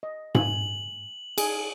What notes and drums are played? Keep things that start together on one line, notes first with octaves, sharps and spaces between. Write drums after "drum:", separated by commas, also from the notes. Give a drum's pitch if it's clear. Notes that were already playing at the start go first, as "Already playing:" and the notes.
D#5
G#5 F#7, drum: tom G#2
G#4, drum: cymbal